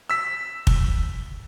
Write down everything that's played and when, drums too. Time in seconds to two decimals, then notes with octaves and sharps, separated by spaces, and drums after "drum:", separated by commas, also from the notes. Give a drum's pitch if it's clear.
0.10 E6 B6
0.67 drum: kick